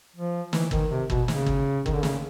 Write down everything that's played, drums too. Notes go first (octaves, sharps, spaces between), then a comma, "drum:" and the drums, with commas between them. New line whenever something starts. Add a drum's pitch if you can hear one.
F3
E3, drum: snare
D#3, drum: kick
C3
B2, drum: kick
C#3, drum: snare
drum: kick
D#3, drum: kick
D3
C#3, drum: snare